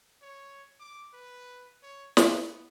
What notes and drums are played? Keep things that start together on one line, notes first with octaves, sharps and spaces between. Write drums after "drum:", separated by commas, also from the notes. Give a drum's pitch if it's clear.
C#5
D6
B4
C#5
B3, drum: snare